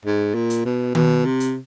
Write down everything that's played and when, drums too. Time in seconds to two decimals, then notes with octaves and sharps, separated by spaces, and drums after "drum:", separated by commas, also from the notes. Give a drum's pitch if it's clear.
0.05 G#2
0.34 A#2
0.50 drum: hi-hat
0.65 B2
0.95 B2, drum: tom D#3
1.25 C3
1.40 drum: hi-hat